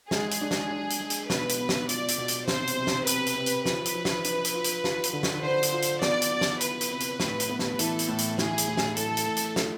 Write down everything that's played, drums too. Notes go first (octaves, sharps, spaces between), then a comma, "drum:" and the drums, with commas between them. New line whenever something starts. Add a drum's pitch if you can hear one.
G#3 G#4, drum: snare
drum: hi-hat
D4
drum: snare
D4
drum: hi-hat
G#3
drum: hi-hat
B2 B4, drum: snare
drum: hi-hat
B3
drum: snare
F4 D5, drum: hi-hat
drum: hi-hat
B2
drum: hi-hat
C3 C5, drum: snare
drum: hi-hat
C3
drum: snare
C3 B4, drum: hi-hat
drum: hi-hat
C3
drum: hi-hat
F3 B4, drum: snare
drum: hi-hat
F3
drum: snare
D4, drum: hi-hat
drum: hi-hat
F4
drum: hi-hat
F4, drum: snare
drum: hi-hat
D3
drum: snare
D3 C5
drum: hi-hat
F4
drum: hi-hat
B3 D5, drum: snare
drum: hi-hat
B3
drum: snare
E4 B4, drum: hi-hat
drum: hi-hat
C3
drum: hi-hat
A2, drum: snare
drum: hi-hat
B3
drum: snare
E3 A4, drum: hi-hat
drum: hi-hat
A2
drum: hi-hat
E3 G#4, drum: snare
drum: hi-hat
A2
drum: snare
A2 A4, drum: hi-hat
drum: hi-hat
A2
drum: hi-hat
F4, drum: snare